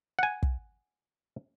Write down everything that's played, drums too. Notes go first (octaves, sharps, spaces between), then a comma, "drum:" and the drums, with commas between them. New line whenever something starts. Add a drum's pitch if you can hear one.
F#5 G#5
drum: kick